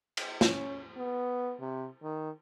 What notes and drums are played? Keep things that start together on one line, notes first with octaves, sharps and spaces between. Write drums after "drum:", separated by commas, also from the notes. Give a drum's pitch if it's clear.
drum: cymbal
C#4, drum: snare
B3
C3
D#3